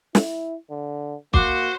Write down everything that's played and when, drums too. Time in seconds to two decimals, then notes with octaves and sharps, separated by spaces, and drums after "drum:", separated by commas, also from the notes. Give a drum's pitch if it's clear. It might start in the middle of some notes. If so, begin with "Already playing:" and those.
0.15 E4, drum: snare
0.71 D3
1.34 A#3 F#4 C5 D6, drum: kick